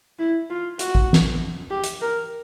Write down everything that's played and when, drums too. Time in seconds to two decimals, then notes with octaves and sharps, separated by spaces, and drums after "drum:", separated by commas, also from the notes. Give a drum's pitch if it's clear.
0.19 E4
0.50 F4
0.79 F#4, drum: hi-hat
0.95 drum: kick A1
1.13 drum: snare
1.70 G4
1.84 drum: hi-hat
2.01 A#4